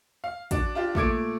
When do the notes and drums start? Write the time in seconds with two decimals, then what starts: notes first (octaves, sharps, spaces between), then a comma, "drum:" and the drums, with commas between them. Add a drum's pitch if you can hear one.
0.24 F5
0.51 D4 F#4, drum: kick, hi-hat
0.75 D4 F4 G4
0.95 A#2 A3 D6 G#6 D7, drum: kick